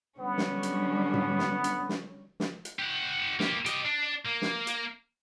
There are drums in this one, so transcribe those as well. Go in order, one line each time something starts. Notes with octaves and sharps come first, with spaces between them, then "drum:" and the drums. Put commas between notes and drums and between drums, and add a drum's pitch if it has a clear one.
D3 F#3 G3 B3 C#4
drum: snare
drum: hi-hat
drum: tom G#2
drum: snare
drum: hi-hat
drum: snare
drum: snare
drum: hi-hat
G4 F#5
A#3 G4, drum: snare
G4 D#5, drum: hi-hat
D4
A#3
drum: snare
drum: hi-hat